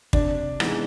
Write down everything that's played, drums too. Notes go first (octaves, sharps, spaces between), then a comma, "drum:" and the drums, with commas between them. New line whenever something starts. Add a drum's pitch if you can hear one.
C3 D4, drum: kick
E3 G#3 B3 D#4, drum: rim click